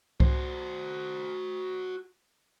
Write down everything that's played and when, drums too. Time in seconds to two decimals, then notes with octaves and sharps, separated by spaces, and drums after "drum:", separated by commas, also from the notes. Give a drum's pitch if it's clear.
0.20 F#4 C5, drum: kick C2